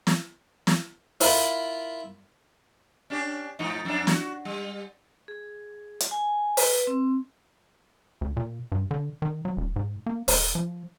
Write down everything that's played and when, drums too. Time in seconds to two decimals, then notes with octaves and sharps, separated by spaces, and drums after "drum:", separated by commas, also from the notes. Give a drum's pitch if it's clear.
0.07 drum: snare
0.67 drum: snare
1.21 E4 F4 A#4 B5, drum: open hi-hat
3.10 C#4 D4 G4
3.59 G#2 F3 D#4
3.85 F2 D4
4.07 F#4, drum: snare
4.45 G3
5.28 G#4
6.00 drum: hi-hat
6.11 G#5
6.57 B4, drum: open hi-hat
6.87 C4
8.21 D2
8.37 A#2
8.72 G2
8.91 D3
9.22 D#3
9.45 F#3
9.57 D#1
9.76 G#2
10.06 A#3
10.28 D#1, drum: open hi-hat
10.55 F3